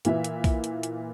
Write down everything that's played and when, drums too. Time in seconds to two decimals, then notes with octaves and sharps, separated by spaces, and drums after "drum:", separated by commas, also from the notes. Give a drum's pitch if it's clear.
0.05 A#2 E3 E5, drum: hi-hat
0.24 drum: hi-hat
0.44 drum: kick, open hi-hat
0.64 drum: hi-hat
0.83 drum: hi-hat